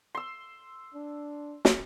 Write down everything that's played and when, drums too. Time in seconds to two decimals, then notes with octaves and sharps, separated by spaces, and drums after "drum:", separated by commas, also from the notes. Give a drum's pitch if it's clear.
0.15 C6 E6
0.94 D4
1.65 drum: snare